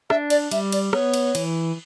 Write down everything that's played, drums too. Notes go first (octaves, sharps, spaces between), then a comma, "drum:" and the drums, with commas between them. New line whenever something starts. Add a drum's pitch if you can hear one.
D4 E5, drum: rim click
D5, drum: cymbal
G3 E5, drum: cymbal
D5, drum: cymbal
B3 C#5, drum: rim click
drum: cymbal
E3, drum: cymbal